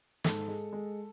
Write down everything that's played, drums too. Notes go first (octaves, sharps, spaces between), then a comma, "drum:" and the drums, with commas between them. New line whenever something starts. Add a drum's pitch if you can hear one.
G#2 A4, drum: snare
G#3
G#3